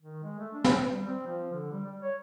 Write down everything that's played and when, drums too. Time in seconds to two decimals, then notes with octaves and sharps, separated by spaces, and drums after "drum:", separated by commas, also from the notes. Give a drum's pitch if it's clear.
0.01 D#3
0.23 G#3
0.39 A3
0.53 D4
0.64 drum: snare
0.74 C4
0.93 G3
1.07 C4
1.27 F3
1.53 D3
1.72 G3
1.86 G3
2.02 C#5